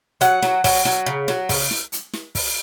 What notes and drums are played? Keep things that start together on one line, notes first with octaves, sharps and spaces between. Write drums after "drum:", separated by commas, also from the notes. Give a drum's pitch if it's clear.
F#3 F#5, drum: hi-hat
F#3, drum: snare
F#3, drum: kick, open hi-hat
F#3, drum: snare
C#3
F#3, drum: snare
C#3, drum: kick, open hi-hat
drum: snare
drum: hi-hat
drum: snare
drum: kick, open hi-hat